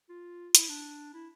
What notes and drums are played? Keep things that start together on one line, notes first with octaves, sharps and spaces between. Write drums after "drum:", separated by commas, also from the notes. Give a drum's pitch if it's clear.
F4
E4, drum: hi-hat
D4
E4